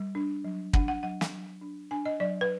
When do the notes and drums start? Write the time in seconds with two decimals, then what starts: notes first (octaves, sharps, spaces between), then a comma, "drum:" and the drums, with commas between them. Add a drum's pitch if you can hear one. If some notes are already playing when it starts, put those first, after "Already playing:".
Already playing: G3
0.15 D4
0.44 F#3
0.73 D4 F#5, drum: kick
0.88 F#5
1.03 F#3 F#5
1.21 drum: snare
1.32 F#3
1.61 D4
1.91 D4 G#5
2.05 D#5
2.20 F#3 D5
2.41 B4